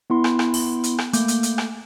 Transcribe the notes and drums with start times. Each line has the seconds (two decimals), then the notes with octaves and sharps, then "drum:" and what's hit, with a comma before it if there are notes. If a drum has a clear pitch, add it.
0.10 B3 E4 C6
0.24 drum: rim click
0.39 drum: rim click
0.54 drum: open hi-hat
0.84 drum: hi-hat
0.98 drum: rim click
1.13 A3 A#3 D6 G6, drum: hi-hat
1.28 drum: hi-hat
1.43 drum: hi-hat
1.58 drum: rim click